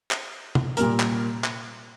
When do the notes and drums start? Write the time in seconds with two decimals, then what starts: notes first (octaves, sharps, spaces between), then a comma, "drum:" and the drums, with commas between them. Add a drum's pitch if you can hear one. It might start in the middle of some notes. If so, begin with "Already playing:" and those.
0.11 drum: clap
0.55 drum: tom
0.77 A#2 G3 A#3 A#4, drum: hi-hat
1.00 drum: clap
1.44 drum: clap